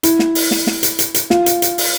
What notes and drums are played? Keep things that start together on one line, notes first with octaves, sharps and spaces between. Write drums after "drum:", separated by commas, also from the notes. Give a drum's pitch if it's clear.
E4, drum: hi-hat
drum: snare
drum: open hi-hat
drum: snare
drum: snare
drum: hi-hat
drum: hi-hat
drum: hi-hat
F4, drum: snare
drum: hi-hat
drum: hi-hat
drum: open hi-hat